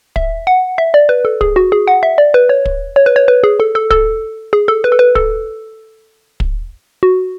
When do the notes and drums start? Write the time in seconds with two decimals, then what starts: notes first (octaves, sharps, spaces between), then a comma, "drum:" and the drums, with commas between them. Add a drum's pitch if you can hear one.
0.16 E5, drum: kick
0.47 F#5
0.78 E5
0.94 D5
1.09 B4
1.25 A4
1.41 G#4, drum: kick
1.56 F#4
1.72 G#4
1.88 F#5
2.03 E5
2.18 D5
2.34 B4
2.49 C#5
2.65 drum: kick
2.96 C#5
3.06 B4
3.16 C#5
3.28 B4
3.44 G#4
3.60 A4
3.75 A4
3.91 A4, drum: kick
4.53 G#4
4.68 A4
4.84 B4
4.92 A4
4.99 B4
5.15 A4, drum: kick
6.40 drum: kick
7.03 F#4